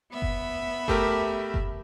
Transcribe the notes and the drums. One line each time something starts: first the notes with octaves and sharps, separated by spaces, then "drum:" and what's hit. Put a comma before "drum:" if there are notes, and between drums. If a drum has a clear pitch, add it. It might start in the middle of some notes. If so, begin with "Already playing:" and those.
B3 E5 B5
drum: kick F#1
A3 G4 A#4, drum: kick F#1
drum: kick F#1